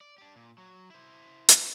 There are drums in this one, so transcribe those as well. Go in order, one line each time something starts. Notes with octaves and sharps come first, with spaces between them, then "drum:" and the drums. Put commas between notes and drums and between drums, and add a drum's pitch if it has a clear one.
D5
D4 G4
A#2
F#3
E4 C5
drum: hi-hat